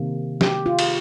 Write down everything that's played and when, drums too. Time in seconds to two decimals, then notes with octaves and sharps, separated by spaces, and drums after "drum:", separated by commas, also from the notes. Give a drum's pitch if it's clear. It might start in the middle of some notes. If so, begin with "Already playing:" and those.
Already playing: C3 D#3 A#3
0.41 G4, drum: snare
0.66 F4
0.79 drum: cymbal